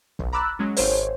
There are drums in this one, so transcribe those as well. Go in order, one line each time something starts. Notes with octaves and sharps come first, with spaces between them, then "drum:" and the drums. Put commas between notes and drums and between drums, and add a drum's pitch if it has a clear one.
B1, drum: kick F#1
A#5 B5 D6 E6 F#6 A6
F#3 G#3 C#4
G#1 C5 C#5, drum: open hi-hat